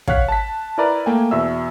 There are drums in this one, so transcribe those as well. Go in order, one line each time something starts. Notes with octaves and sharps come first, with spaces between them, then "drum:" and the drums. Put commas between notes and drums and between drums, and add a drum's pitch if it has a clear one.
C#5 F5 F#5 F#6 B6, drum: kick
A5 B6
E4 A#4 B4 D5 A#5
A3 A#3 G5 G#5
E2 B2 E5 E6